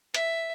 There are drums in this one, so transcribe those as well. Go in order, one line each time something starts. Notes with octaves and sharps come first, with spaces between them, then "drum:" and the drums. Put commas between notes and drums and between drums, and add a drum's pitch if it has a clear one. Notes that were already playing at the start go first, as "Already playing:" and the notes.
E5, drum: hi-hat